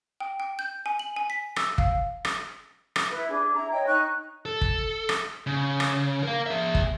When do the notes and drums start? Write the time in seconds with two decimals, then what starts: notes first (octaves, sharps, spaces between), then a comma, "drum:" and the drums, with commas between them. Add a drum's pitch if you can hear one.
0.20 G5
0.40 G5
0.59 G6
0.86 G#5
0.99 F#7
1.16 G#5
1.30 B6
1.56 E6, drum: rim click
1.78 F5, drum: kick
2.25 drum: rim click
2.96 drum: rim click
3.11 E4 B4
3.29 D4 G#4
3.55 E4 A#5
3.71 C#5 D#5 G5
3.85 D#4 C#6 F#6
4.45 A4
4.61 drum: kick
5.09 drum: rim click
5.47 C#3
5.80 drum: rim click
6.23 A#4 F5
6.46 G#4 E5
6.75 drum: kick